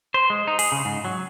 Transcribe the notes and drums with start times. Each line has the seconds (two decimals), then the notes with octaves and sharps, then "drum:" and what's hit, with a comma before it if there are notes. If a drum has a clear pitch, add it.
0.14 C5
0.30 G#3
0.47 D#4
0.59 G#4, drum: open hi-hat
0.72 C#3
0.85 G#2
1.05 F#3